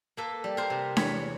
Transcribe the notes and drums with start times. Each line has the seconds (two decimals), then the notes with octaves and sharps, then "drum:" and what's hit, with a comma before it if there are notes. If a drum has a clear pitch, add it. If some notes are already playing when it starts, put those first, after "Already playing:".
0.17 A#3 A4 B4
0.44 G3
0.57 A#4 C5
0.70 C3
0.97 E2 B4 C#5, drum: snare D4